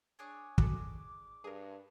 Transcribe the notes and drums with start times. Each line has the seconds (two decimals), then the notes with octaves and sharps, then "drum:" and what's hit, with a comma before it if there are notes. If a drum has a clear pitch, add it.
0.19 D4 G#4 C#5
0.58 F#4 A4 D6, drum: kick
1.44 G2 G#4 A#4